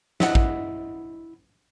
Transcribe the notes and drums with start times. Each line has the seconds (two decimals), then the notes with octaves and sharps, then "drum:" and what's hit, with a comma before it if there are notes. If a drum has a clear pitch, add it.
0.20 E4 D#5 F#5, drum: snare
0.35 drum: kick